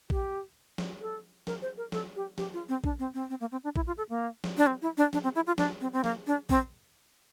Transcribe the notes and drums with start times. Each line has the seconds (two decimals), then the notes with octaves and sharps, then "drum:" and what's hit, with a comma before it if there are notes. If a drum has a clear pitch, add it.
0.10 G4, drum: kick A#1
0.78 drum: snare
1.01 A4
1.47 A#4, drum: snare
1.62 C5
1.77 A#4
1.92 A4, drum: snare
2.16 G4
2.38 G4, drum: snare
2.54 F4
2.69 C4
2.84 D4, drum: kick A#1
2.99 C4
3.14 C4
3.30 C4
3.40 A#3
3.52 C4
3.64 D4
3.76 E4, drum: kick A#1
3.87 F4
3.98 A4
4.09 A#3
4.44 drum: snare
4.57 D4
4.67 C4
4.82 E4
4.97 D4
5.13 D4, drum: snare
5.23 C4
5.35 E4
5.47 F4
5.58 D4, drum: snare
5.81 C4
5.93 C4
6.04 A#3, drum: snare
6.27 D4
6.49 C4, drum: kick A#1